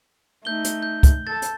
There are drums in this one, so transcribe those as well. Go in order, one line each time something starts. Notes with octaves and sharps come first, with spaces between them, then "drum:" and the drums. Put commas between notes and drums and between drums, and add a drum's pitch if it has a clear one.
A3 D#4 G6 G7
drum: hi-hat
G6
drum: kick, hi-hat
A4 A5 A6
drum: hi-hat